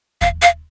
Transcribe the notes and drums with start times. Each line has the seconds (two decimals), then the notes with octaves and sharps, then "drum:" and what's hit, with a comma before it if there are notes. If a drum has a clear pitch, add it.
0.21 F5, drum: kick
0.42 F5